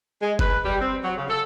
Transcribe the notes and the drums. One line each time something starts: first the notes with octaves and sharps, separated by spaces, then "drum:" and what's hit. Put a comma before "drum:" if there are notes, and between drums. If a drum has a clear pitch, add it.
G#3
B4, drum: kick F#1
G3
C4
F#3
C#3
A4